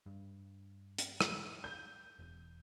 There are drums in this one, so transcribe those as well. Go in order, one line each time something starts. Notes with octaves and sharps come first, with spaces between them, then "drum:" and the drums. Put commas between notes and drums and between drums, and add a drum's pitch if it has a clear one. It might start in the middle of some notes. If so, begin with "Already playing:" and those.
G2
drum: hi-hat
drum: rim click
G6
E1